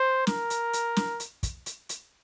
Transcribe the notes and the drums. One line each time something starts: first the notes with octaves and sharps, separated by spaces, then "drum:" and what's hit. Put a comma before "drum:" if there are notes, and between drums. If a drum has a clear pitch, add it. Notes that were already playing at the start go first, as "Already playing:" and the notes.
Already playing: C5
A#4, drum: snare
drum: hi-hat
drum: hi-hat
drum: snare
drum: hi-hat
drum: kick, hi-hat
drum: hi-hat
drum: hi-hat